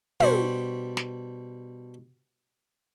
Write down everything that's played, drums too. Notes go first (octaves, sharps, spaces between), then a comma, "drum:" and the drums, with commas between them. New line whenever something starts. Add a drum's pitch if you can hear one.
B2 G3 D4 C5 C#6, drum: tom
drum: snare